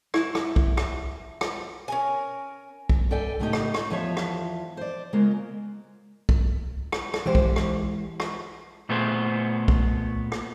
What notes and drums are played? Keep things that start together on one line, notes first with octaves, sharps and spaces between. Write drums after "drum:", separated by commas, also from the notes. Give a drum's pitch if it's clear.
E4, drum: rim click
drum: rim click
drum: kick B1
drum: rim click
drum: rim click
C#4 A#4 G#5
drum: kick B1
G2 A4 D5 E5 G5 G#5
A2 C#3 A3 B3 D#4 G4
drum: rim click
drum: rim click
E2 F3 C#5 E5 A5
drum: rim click
C5 D5
C#3 G#3 A#3 B3 F4
drum: kick B1
drum: rim click
drum: rim click
E3 G#3 G4 C5
drum: kick B1
drum: rim click
drum: rim click
A#2 A3 B3 G#4 C5
drum: kick B1
drum: rim click